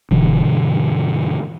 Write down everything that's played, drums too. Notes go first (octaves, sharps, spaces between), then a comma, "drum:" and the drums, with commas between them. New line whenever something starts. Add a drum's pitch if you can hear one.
G2 B2 D3 E3, drum: kick F1